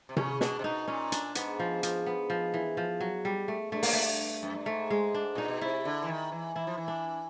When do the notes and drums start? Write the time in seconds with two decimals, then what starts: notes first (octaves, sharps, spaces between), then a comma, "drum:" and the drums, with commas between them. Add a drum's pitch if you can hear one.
0.09 C3
0.17 C#3 C#4, drum: tom C3
0.41 B2 D4, drum: snare
0.59 C3
0.64 B2 D#4
0.88 A#2 C#4
1.12 D4, drum: hi-hat
1.35 G#2 B3, drum: hi-hat
1.60 F3
1.83 F3, drum: hi-hat
2.06 B3
2.30 F3
2.54 E3
2.77 F3
3.01 F#3
3.25 G3
3.48 A3
3.72 G2 A3
3.83 A#3, drum: open hi-hat
3.93 A3
4.43 F#2
4.54 G2
4.66 G#2 A3
4.90 G#3
5.14 D4
5.35 A#2 D#4
5.48 B2
5.61 C3 E4
5.85 D3
6.02 E3
6.08 D#3
6.32 E3
6.55 E3 E4
6.67 F3
6.77 E3
6.88 D4